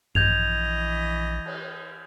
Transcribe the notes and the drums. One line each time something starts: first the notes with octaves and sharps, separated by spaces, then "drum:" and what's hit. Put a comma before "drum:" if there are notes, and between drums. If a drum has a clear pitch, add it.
A#1 E3 D#5 G6 G#6 F7, drum: tom G2
drum: cymbal